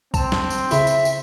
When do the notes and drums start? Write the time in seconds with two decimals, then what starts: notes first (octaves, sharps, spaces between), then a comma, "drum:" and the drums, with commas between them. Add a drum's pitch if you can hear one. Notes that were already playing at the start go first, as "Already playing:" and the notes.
0.14 C4 A5, drum: kick B1, tambourine
0.32 drum: snare
0.50 drum: tambourine
0.71 C#3 E4 E5, drum: tambourine
0.87 drum: tambourine
1.05 drum: tambourine